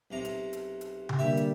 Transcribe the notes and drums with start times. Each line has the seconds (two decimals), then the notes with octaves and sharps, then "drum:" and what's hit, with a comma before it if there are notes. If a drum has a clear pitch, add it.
0.11 B1 C3 A#5
0.25 drum: hi-hat
0.53 drum: hi-hat
0.81 drum: hi-hat
1.09 drum: tom C3
1.19 D3 G3 A#3 G4 E5
1.37 drum: hi-hat